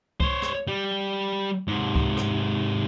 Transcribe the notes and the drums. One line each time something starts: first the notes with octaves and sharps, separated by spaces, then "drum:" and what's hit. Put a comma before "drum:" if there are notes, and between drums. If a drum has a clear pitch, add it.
C5 C#5, drum: kick C#2
drum: rim click
G3
G#2 C3
drum: kick C#2
drum: rim click